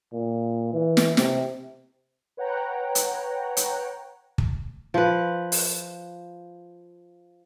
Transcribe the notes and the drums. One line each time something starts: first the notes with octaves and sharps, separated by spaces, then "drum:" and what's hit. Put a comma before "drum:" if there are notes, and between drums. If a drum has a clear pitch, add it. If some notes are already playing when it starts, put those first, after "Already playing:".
A#2
E3
drum: snare
C3, drum: snare
B4 C#5 F#5 G5 A#5
drum: hi-hat
drum: hi-hat
drum: kick
F3 B4
drum: open hi-hat